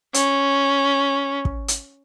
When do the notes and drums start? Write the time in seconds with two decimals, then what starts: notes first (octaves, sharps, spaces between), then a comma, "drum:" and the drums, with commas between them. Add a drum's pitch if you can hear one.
0.14 C#4, drum: hi-hat
1.45 drum: kick
1.68 drum: hi-hat